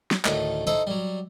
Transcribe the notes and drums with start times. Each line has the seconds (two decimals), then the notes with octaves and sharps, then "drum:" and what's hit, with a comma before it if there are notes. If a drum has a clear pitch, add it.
0.11 drum: snare
0.25 D2 A2 D#3 A3, drum: clap
0.67 D#4 E4 A4 C5, drum: tambourine
0.87 F#3 G3